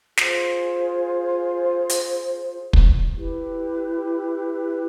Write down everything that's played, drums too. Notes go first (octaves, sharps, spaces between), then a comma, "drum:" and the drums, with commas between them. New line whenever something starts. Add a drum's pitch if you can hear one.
F4 G#4 C5, drum: snare
drum: hi-hat
drum: kick
E4 G4 B4